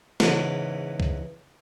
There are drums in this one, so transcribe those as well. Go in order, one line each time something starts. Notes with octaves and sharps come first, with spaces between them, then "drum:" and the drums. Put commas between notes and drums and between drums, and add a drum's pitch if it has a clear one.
E2 G#2 C#3 E3, drum: snare
drum: kick C2